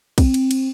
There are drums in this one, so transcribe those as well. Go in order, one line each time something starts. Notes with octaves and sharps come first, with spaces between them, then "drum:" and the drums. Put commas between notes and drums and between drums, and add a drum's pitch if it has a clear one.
C4, drum: kick, cymbal
drum: cymbal
drum: cymbal